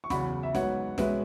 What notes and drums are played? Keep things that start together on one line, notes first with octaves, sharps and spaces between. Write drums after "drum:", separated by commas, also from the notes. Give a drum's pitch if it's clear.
C#6
E2 C#3 F#3 F#5 B5, drum: snare
E5
G#2 F#3 B3 C#5 F#5, drum: snare
B2 G#3 C#4 B4 E5, drum: snare